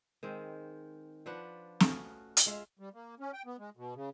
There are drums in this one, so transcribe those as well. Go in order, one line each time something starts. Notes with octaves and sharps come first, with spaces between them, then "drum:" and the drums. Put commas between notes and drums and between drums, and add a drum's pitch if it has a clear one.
D#3 G#3 C4
F3 D4 B4 F#5
A3 C#4 F#4 F5, drum: snare
drum: hi-hat
G#3 F4 E5 F5
G3
A#3
C#4
G5
B3
G#3
B2
C#3